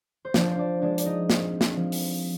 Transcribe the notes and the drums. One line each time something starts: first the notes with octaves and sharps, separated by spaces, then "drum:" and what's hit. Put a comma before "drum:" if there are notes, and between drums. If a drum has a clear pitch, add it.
C5
F3 D4 D5, drum: snare
C5
D4 D5
G#3 D4 D5
D5, drum: hi-hat
D#4 D#5
C4, drum: snare
drum: snare
F3
drum: open hi-hat